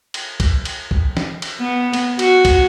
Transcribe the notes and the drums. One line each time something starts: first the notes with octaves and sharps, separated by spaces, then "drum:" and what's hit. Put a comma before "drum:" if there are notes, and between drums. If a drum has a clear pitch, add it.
drum: cymbal
drum: kick C2, cymbal
drum: cymbal
drum: kick C2
drum: snare
drum: cymbal
B3
drum: cymbal
F#4, drum: cymbal
drum: kick C2, cymbal